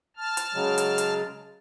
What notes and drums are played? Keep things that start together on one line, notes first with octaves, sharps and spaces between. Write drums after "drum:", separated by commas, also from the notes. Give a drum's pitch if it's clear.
A5 F6
drum: hi-hat
C#3 F#3 G#3
drum: hi-hat
drum: hi-hat